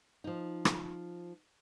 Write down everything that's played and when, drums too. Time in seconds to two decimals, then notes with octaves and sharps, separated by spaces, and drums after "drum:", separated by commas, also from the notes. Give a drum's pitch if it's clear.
0.24 F3 D#4
0.65 drum: rim click